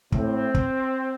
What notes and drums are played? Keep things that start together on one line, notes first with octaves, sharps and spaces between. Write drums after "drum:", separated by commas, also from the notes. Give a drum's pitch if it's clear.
A2 C4, drum: kick
drum: kick